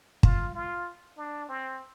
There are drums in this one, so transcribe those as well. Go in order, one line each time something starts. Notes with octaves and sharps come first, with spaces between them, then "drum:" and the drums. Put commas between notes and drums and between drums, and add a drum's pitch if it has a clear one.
F4, drum: kick
F4
D4
C4